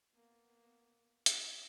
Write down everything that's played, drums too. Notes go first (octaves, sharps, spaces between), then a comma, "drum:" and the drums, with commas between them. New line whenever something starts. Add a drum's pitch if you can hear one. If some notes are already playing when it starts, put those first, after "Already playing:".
A#3 B3
E4, drum: hi-hat